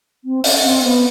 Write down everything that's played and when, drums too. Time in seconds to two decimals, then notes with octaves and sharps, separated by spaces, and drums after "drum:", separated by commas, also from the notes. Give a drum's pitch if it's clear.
0.24 C4
0.44 C#4, drum: open hi-hat
0.64 C4
0.84 B3